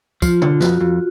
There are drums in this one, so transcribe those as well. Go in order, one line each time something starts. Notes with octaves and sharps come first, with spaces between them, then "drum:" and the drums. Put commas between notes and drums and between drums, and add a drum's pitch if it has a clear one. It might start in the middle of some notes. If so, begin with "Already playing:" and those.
F3 F4, drum: kick, tambourine
D3, drum: tom B2
F2 F#4, drum: snare
F2